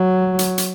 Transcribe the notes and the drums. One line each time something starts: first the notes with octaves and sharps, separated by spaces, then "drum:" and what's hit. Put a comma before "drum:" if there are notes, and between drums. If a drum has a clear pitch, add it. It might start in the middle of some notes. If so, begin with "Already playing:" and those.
Already playing: F#3
drum: hi-hat
drum: hi-hat